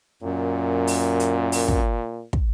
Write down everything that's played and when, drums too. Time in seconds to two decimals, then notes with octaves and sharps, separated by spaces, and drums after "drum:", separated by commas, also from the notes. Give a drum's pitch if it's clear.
0.23 F#2 A#2
0.87 drum: open hi-hat
1.20 drum: hi-hat
1.52 drum: open hi-hat
1.68 drum: kick
2.33 drum: kick